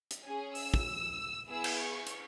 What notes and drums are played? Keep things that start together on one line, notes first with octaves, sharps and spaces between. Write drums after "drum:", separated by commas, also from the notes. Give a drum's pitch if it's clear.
drum: hi-hat
C#4 G#4 G#5
E6, drum: open hi-hat
drum: kick
B3 E4 G#4 E6
drum: cymbal
C#6
drum: hi-hat